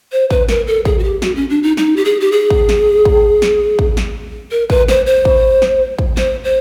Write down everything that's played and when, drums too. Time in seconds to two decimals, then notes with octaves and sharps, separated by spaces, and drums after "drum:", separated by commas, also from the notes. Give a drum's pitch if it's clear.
0.12 C5
0.31 B4, drum: kick
0.49 A#4, drum: snare
0.67 A4
0.85 G#4, drum: kick
0.99 F#4
1.04 G4
1.22 F#4, drum: snare
1.36 C#4
1.50 D4
1.63 D#4
1.77 D#4, drum: snare
1.96 G4
2.05 G#4
2.20 G4
2.32 G#4
2.50 drum: kick
2.69 drum: snare
3.05 drum: kick
3.42 drum: snare
3.79 drum: kick
3.97 drum: snare
4.51 A#4
4.70 B4, drum: kick
4.88 C5, drum: snare
5.06 C5
5.25 drum: kick
5.62 drum: snare
5.99 drum: kick
6.17 C5, drum: snare
6.44 C5